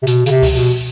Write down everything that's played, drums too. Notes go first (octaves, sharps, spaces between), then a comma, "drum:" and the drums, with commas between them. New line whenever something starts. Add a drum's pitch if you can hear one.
C3
B2, drum: hi-hat
C#3, drum: hi-hat
C3
drum: kick C#2, open hi-hat
B2